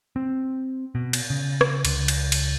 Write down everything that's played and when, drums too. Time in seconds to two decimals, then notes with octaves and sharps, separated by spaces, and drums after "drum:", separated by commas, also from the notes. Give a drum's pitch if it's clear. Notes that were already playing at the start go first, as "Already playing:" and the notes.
0.16 C4
0.95 B2
1.13 drum: cymbal
1.30 C#3
1.61 drum: rim click
1.85 C#2, drum: cymbal
2.08 drum: cymbal
2.32 drum: cymbal